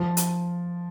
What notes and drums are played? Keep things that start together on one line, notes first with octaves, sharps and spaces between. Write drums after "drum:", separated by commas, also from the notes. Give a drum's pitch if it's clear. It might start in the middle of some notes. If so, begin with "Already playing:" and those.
Already playing: F3
drum: hi-hat